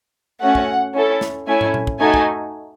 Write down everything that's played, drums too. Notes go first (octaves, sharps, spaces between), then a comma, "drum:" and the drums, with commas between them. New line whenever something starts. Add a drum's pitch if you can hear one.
A3 C#4 F#4 F#5
drum: kick
C#4 E4 A4
drum: snare
A3 C#4 E4 G#5
drum: tom
drum: tom A#2
drum: kick
A3 D#4 F#4 A4 G#5
drum: kick